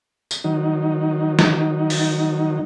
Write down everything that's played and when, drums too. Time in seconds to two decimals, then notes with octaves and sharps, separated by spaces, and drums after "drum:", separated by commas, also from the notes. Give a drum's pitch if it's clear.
0.31 drum: tambourine
0.44 D#3 F#3 D#4
1.39 drum: snare
1.90 drum: open hi-hat